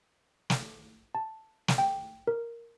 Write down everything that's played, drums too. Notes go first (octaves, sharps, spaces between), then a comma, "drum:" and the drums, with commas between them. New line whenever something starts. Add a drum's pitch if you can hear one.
drum: snare
A5
drum: snare
G5
A#4